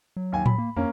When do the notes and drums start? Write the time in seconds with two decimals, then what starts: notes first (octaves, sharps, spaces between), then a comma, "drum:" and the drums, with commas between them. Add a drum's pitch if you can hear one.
0.17 F#3
0.32 D#2 G#5
0.46 F#3 B5, drum: tom A2
0.58 A#3
0.76 F2 A#3 C#4